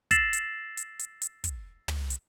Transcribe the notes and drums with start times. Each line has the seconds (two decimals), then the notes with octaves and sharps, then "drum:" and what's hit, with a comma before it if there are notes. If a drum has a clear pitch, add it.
0.11 E6 A6 A#6 C7 E7 F#7, drum: kick, hi-hat
0.33 drum: hi-hat
0.77 drum: hi-hat
0.99 drum: hi-hat
1.22 drum: hi-hat
1.44 drum: kick, hi-hat
1.88 drum: tom
2.10 drum: hi-hat